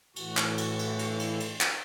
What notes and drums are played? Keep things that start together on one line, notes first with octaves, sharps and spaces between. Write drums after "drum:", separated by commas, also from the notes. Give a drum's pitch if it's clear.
A2 E3 F#4, drum: cymbal
drum: clap
F#4
drum: cymbal
F#4, drum: cymbal
drum: cymbal
drum: cymbal
drum: cymbal
drum: clap